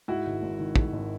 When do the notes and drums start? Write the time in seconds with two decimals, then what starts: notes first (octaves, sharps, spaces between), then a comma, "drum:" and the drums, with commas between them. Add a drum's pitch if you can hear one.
0.08 G#2 E4 F#4
0.26 G#1
0.42 G#1
0.60 D#3
0.76 G#2, drum: kick
0.93 G#1